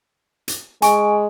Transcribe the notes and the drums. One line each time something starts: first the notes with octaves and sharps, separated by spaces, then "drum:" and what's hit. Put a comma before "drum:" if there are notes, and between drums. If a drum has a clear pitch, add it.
drum: hi-hat
G#3 G#5 C#6 D7, drum: hi-hat